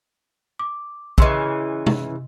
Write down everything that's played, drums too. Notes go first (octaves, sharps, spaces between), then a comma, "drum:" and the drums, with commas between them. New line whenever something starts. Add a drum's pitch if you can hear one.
D6
C#3 E3 D#5 C6 E6, drum: kick
drum: tom C3